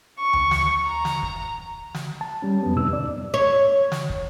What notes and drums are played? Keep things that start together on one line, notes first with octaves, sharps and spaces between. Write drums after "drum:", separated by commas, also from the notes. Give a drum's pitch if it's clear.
C#6
drum: tom D2
drum: snare
A#5
drum: snare
drum: kick
drum: snare
A5
G3 C#4
F2 F#3 B3
D#2 A2 C3 D#4 E6
D5
C#5
drum: snare
drum: kick